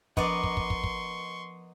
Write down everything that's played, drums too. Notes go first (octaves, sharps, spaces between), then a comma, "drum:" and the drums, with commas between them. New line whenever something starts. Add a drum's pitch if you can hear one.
F3 B3 A#4 D5 D#5 C6 C#6 D#7, drum: kick
drum: kick
drum: kick
drum: kick
drum: kick